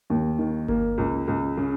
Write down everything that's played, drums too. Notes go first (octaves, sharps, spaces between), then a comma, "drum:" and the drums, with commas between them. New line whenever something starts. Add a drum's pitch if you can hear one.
D#2
D#3
A#3, drum: kick G1
C#2
C#2
C#3